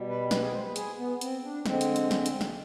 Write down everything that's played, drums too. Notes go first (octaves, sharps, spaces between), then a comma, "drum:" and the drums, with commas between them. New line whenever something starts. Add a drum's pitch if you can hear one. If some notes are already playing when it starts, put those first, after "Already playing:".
Already playing: B2 G3
B4
B4, drum: snare
G#4
C5
B4
G#4, drum: hi-hat
B3
C4, drum: hi-hat
D4
D3 G#3 C4, drum: snare
drum: hi-hat
drum: hi-hat
drum: snare
drum: hi-hat
drum: snare